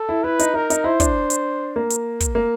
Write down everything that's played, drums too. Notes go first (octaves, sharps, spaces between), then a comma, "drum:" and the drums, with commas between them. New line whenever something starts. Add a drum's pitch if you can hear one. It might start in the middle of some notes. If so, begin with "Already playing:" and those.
Already playing: A4
E4
E4 B4
D#4, drum: hi-hat
D#4 A#4
D#4, drum: hi-hat
E4 C5
D4, drum: kick, hi-hat
drum: hi-hat
A#3
drum: hi-hat
drum: kick, hi-hat
A#3